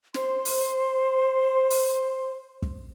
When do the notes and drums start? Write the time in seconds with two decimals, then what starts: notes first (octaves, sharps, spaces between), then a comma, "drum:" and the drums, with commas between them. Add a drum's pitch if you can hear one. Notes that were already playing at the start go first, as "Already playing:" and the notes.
0.14 C5 C6, drum: snare
0.45 drum: open hi-hat
1.70 drum: open hi-hat
2.62 drum: kick